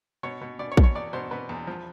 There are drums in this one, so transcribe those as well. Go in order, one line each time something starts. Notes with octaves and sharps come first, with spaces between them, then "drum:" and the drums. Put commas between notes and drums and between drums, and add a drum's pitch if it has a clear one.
B2 C#5
B2
B2 D5
C#5
B2, drum: kick
C#5
E2 D5
B2 C5
B2 B4
E2
F3